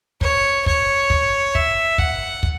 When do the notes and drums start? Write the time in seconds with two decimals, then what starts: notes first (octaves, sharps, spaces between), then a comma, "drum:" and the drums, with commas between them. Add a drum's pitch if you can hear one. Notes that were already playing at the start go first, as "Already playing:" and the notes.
0.21 C#5, drum: kick
0.66 C#5, drum: kick
1.10 drum: kick
1.55 E5, drum: kick
1.98 F#5, drum: kick
2.43 drum: kick